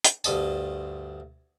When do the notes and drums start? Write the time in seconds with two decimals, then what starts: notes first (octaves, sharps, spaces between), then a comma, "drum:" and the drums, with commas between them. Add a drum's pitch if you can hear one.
0.04 drum: hi-hat
0.24 D2 G2 D#5 A5, drum: tambourine